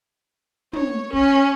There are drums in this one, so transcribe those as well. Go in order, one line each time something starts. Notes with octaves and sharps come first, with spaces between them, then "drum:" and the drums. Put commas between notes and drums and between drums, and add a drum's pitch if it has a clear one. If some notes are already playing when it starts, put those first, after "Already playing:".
C#5, drum: tom
C#4, drum: kick